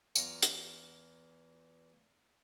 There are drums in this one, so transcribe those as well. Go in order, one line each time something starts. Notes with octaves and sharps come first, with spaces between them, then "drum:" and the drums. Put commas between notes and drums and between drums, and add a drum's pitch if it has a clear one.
E2 F4 A#5, drum: tambourine
drum: hi-hat